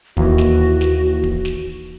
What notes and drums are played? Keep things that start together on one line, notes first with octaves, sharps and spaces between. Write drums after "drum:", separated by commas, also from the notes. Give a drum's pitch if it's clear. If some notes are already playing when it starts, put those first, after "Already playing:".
D#2 E3 F#4, drum: kick D1
drum: snare
drum: snare
drum: kick D1
drum: snare